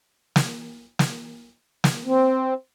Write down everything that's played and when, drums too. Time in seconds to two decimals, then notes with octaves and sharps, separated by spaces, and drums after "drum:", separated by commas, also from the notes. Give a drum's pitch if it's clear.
0.36 drum: snare
0.99 drum: snare
1.84 drum: snare
2.05 C4